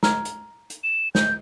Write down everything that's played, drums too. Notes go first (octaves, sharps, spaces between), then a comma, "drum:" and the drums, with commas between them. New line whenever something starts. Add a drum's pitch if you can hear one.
A#5 F6 G#6, drum: snare
drum: hi-hat
drum: hi-hat
E7
G6, drum: snare